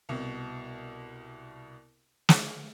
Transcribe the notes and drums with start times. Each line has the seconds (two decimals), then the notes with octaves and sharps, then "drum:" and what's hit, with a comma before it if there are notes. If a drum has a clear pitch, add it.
0.09 C2 B2
2.29 drum: snare